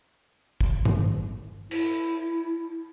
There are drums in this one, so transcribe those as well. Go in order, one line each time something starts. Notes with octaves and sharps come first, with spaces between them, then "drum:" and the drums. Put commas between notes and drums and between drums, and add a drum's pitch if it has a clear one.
drum: kick
drum: tom G2
E4, drum: cymbal